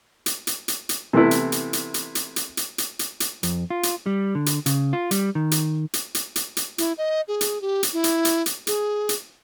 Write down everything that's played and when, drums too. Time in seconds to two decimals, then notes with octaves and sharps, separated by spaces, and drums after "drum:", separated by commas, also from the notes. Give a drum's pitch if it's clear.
0.26 drum: hi-hat
0.47 drum: hi-hat
0.68 drum: hi-hat
0.89 drum: hi-hat
1.13 C3 E3 A3 B3 E4 B4
1.31 drum: hi-hat
1.52 drum: hi-hat
1.73 drum: hi-hat
1.94 drum: hi-hat
2.15 drum: hi-hat
2.36 drum: hi-hat
2.57 drum: hi-hat
2.78 drum: hi-hat
2.99 drum: hi-hat
3.20 drum: hi-hat
3.43 F2, drum: hi-hat
3.70 F4
3.83 drum: hi-hat
4.06 G3
4.35 D3
4.46 drum: hi-hat
4.66 C#3, drum: hi-hat
4.93 F4
5.11 G3, drum: hi-hat
5.35 D#3
5.51 drum: hi-hat
5.94 drum: hi-hat
6.15 drum: hi-hat
6.36 drum: hi-hat
6.57 drum: hi-hat
6.78 E4, drum: hi-hat
6.98 D#5
7.28 G#4
7.41 drum: hi-hat
7.61 G4
7.83 drum: hi-hat
7.93 E4
8.04 drum: hi-hat
8.25 drum: hi-hat
8.46 drum: hi-hat
8.67 G#4, drum: hi-hat
9.09 drum: hi-hat